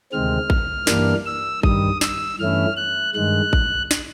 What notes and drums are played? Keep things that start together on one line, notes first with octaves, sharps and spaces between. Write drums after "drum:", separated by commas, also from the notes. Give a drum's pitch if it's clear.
D2 C3 D#3 G#3 C4 F6
drum: kick A1
G2 E3 G3 A#3 D4, drum: snare
E6
G2 D#3 G3 D#6, drum: kick A1
E6, drum: snare
G2 E3 A3 C#4 E4 F6
F#6
G2 D#3 G#3 F#6
drum: kick A1
drum: snare